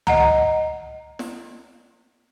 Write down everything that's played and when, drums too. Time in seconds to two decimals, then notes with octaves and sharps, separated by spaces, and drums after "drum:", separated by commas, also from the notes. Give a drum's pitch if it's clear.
0.07 D#5 F#5 A#5, drum: tom
1.19 drum: snare